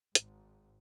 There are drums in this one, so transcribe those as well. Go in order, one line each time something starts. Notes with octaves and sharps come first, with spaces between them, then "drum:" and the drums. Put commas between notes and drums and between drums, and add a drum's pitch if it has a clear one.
G#1 G#2, drum: hi-hat